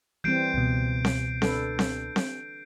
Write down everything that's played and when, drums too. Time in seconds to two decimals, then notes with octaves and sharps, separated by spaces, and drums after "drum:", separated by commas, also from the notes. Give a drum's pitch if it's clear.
0.24 E3 G3 C4 G6 C7 D7
0.54 C#2 B2
1.05 drum: snare C4
1.42 D4 A4 B4, drum: snare C4
1.79 drum: snare C4
2.16 drum: snare C4